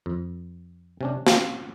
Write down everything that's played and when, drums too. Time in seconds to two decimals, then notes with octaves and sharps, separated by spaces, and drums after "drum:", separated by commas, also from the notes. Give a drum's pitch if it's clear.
0.06 F2
1.01 C3 C#4 D4
1.27 C4 C#4 F4, drum: snare